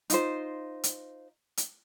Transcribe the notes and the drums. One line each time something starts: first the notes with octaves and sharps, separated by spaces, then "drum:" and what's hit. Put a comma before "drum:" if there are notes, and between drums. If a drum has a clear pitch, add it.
D#4 F4 C5, drum: hi-hat
drum: hi-hat
drum: hi-hat